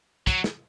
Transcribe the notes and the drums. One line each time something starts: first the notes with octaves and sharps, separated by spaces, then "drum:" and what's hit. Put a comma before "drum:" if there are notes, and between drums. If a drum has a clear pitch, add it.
F#3, drum: kick, hi-hat
drum: snare